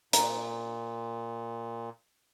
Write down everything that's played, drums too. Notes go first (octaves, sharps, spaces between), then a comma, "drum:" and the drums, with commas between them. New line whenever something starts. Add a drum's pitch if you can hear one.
A#2 A#5, drum: hi-hat